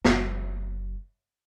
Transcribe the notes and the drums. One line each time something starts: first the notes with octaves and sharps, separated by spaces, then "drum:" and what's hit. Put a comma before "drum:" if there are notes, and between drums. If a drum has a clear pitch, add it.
F#1 F#2, drum: snare